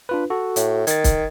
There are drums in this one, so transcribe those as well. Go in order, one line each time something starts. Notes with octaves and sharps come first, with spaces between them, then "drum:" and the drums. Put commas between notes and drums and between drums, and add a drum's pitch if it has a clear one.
D4 F4 B4
F#4 A4
A2, drum: hi-hat
D#3 G#6 A6, drum: hi-hat
drum: kick, hi-hat